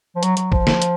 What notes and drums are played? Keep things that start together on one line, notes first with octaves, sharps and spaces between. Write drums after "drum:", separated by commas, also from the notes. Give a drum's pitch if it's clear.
F3
F#3, drum: hi-hat
F#3, drum: hi-hat
F3, drum: kick
drum: snare
drum: hi-hat